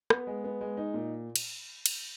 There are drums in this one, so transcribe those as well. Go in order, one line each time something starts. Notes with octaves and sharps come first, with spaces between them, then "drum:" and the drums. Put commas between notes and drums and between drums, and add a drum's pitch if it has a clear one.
B3, drum: rim click
G#3
B3
G#3
D#4
A#2
drum: cymbal
drum: cymbal